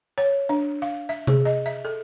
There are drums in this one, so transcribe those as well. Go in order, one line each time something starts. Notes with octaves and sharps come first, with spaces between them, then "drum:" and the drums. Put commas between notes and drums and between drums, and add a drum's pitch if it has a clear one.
C#5
D4
F5
E5
G#4, drum: tom C3
D#5
E5
A4